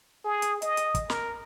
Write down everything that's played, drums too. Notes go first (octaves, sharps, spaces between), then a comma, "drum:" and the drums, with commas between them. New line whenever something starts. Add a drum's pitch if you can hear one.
G#4
drum: hi-hat
D#5, drum: hi-hat
drum: hi-hat
drum: kick, hi-hat
A#4, drum: snare